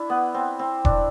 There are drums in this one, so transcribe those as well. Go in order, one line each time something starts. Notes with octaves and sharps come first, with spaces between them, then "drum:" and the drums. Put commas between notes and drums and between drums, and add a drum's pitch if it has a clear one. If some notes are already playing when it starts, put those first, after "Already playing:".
Already playing: D4 E4
B3
C4
C4
D4, drum: kick E1